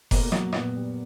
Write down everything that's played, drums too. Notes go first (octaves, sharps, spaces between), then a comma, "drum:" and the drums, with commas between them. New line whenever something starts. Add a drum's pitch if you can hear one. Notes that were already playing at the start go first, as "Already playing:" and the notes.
B2 A#3, drum: kick F1, open hi-hat
F#3, drum: rim click
A#2 B3, drum: rim click
G3